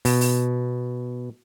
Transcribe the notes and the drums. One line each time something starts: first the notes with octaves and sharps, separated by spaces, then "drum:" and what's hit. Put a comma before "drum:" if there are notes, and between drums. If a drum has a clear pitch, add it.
B2, drum: open hi-hat
drum: open hi-hat